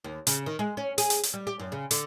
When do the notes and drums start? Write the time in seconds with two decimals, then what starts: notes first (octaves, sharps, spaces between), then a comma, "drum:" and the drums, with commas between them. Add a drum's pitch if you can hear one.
0.04 D#2
0.27 C#3, drum: hi-hat
0.46 D#3
0.59 G#3
0.77 C#4
0.98 G#4, drum: hi-hat
1.10 drum: hi-hat
1.23 drum: hi-hat
1.34 G3
1.47 G4
1.59 F#2
1.72 C#3
1.91 D3, drum: hi-hat